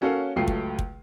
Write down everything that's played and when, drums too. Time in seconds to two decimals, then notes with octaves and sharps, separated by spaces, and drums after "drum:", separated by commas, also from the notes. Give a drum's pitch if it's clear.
0.01 A#3 C#4 F#4 A4 C#5 F5
0.36 C#2 F#3 A3 F4 G5 C7
0.48 drum: kick
0.79 drum: kick